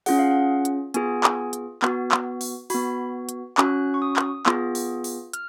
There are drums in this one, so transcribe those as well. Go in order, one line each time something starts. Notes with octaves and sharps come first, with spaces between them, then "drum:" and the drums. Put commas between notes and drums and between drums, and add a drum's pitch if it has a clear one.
C#4 F4 G#4 F#5, drum: open hi-hat
F5
F#5
drum: hi-hat
B3 F4 G#4 G#5, drum: hi-hat
drum: clap
drum: hi-hat
B3 F#4, drum: clap
drum: clap
drum: open hi-hat
B3 F#4 B5, drum: open hi-hat
drum: hi-hat
C#4 F#4 F#6, drum: clap
C#6
D#6
drum: clap
B3 F4 G#4, drum: clap
drum: open hi-hat
drum: open hi-hat
F6, drum: hi-hat